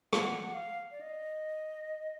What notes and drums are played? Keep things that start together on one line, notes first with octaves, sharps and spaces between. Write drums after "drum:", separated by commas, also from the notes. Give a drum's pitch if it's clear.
F5, drum: rim click
F#5
F5
D5
D#5